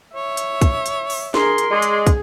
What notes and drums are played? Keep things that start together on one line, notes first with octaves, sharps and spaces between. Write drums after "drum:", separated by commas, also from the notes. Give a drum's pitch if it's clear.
C#5 E5
drum: hi-hat
drum: kick, hi-hat
drum: hi-hat
drum: open hi-hat
G#4 A#4 C6, drum: snare
drum: hi-hat
G#3 G#4 D5
drum: hi-hat
drum: kick, hi-hat